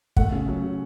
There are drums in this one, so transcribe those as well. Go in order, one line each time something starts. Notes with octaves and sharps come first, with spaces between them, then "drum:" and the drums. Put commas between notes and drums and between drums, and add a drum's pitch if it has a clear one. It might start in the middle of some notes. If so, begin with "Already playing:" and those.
A3 F#5, drum: kick
C#3
F#3
C#3